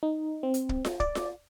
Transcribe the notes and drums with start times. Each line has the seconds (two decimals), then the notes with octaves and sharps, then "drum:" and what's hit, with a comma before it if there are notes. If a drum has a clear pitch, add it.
0.03 D#4
0.43 C4
0.54 drum: hi-hat
0.69 drum: kick
0.85 drum: snare F4
1.00 D5, drum: kick
1.15 drum: snare F4